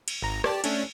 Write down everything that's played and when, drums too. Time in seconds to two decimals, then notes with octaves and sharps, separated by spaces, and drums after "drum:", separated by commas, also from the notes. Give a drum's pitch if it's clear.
0.08 drum: cymbal
0.23 G#1 A#5
0.44 G4 D5 A5, drum: rim click
0.64 A3 C#4 D4, drum: cymbal